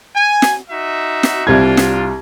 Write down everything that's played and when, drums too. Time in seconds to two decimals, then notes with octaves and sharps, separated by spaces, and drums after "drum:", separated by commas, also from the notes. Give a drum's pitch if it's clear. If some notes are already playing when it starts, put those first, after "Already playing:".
0.15 G#5
0.42 drum: snare
0.69 D#4 F#4 E5
1.23 drum: snare
1.47 C2 D4 F4 G#6
1.77 drum: snare